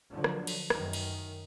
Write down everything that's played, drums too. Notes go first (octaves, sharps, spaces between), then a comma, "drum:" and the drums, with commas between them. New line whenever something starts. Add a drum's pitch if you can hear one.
D3 F3 F#3
drum: rim click
drum: cymbal
F#2 D#3, drum: rim click
drum: cymbal